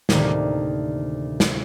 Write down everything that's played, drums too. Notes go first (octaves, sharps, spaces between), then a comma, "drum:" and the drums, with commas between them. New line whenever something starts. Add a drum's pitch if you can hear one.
D2 A2 C3 D#3 A#3, drum: snare
drum: snare